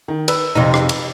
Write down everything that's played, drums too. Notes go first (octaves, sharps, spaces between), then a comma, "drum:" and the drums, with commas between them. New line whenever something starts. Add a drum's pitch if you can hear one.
D#3
B4 B5 E6, drum: cymbal
F2 C3 D#4
drum: rim click
drum: cymbal